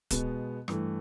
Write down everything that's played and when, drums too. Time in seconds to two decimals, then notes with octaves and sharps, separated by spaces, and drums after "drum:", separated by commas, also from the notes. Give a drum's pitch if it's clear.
0.11 B2 G#3 B3, drum: kick D1, hi-hat
0.68 G2 E3 A3, drum: rim click